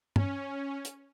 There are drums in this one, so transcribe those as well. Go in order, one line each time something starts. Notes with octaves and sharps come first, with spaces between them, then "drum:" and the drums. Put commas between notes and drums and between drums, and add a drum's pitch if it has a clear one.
C#4, drum: tom G2
drum: hi-hat